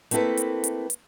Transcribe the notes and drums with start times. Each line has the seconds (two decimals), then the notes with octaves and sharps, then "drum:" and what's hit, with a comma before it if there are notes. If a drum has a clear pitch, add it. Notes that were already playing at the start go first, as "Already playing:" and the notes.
0.11 A3 A#3 C4 E4 A4 B4, drum: hi-hat
0.37 drum: hi-hat
0.64 drum: hi-hat
0.90 drum: hi-hat